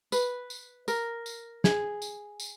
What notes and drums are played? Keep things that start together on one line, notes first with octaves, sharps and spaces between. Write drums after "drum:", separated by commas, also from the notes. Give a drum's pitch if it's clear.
B4, drum: tambourine
drum: tambourine
A#4, drum: tambourine
drum: tambourine
G#4, drum: snare
drum: tambourine
drum: tambourine